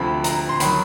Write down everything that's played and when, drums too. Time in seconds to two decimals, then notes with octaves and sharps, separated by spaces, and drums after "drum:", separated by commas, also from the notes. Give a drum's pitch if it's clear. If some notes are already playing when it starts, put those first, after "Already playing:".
Already playing: D2 C3 F3 B5
0.24 A#5, drum: hi-hat
0.49 C6
0.60 D#3 F#3 B5, drum: hi-hat